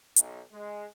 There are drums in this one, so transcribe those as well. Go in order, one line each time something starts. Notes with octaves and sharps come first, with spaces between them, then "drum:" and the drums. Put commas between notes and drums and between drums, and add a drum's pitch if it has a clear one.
B1, drum: hi-hat
G#3